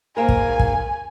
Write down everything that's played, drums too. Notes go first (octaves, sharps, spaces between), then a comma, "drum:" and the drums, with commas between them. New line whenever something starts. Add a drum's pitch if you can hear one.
G#2 A#3 A#4 G#5
drum: kick
drum: kick